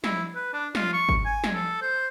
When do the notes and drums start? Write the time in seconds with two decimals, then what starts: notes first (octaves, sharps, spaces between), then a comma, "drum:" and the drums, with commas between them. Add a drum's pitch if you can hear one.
0.04 E4, drum: snare
0.35 B4
0.53 D4
0.75 F4, drum: snare
0.93 C#6
1.09 drum: kick G#1
1.25 G#5
1.44 drum: snare
1.54 A4
1.82 C5